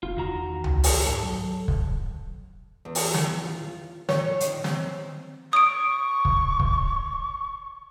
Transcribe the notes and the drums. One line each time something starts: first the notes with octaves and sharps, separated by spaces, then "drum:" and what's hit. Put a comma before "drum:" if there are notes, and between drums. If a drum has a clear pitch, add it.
F1 F4
E2 D#3 F#4 A#5
drum: tom C#2
drum: open hi-hat
G#2 A4
F#3
drum: kick
E2
drum: open hi-hat
drum: snare
F4
C#5, drum: snare
D#3, drum: hi-hat
C4, drum: snare
C#6 D#6 D7
drum: kick
drum: kick